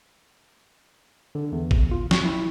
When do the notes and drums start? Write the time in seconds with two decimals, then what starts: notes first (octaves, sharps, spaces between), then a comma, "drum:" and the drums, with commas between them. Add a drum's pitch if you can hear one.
1.35 D3
1.52 E2
1.71 drum: kick G#1
1.91 F4
2.11 C#6, drum: snare
2.25 E4